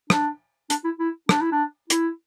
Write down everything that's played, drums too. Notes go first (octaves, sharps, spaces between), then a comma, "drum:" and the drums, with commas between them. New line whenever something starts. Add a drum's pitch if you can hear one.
D4, drum: rim click
D4, drum: hi-hat
E4
E4
D4, drum: rim click
E4
D4
E4, drum: hi-hat